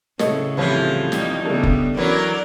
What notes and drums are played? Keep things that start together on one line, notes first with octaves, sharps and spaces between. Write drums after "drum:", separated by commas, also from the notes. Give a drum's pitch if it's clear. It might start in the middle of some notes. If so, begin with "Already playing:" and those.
A2 C#3 A4 C#5 D#5, drum: snare
C2 E3 F3 C#4
G3 D#4, drum: snare
C#3 G3 A3 B3 D4 A4
drum: kick F1
E3 F#3 C#4 A#4 D5